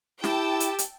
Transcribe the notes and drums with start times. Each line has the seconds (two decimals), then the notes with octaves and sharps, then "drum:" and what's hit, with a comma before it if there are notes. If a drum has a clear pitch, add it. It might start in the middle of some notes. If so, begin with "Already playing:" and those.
0.24 E4 G4 G5 A5 E6, drum: snare
0.60 drum: hi-hat
0.79 drum: hi-hat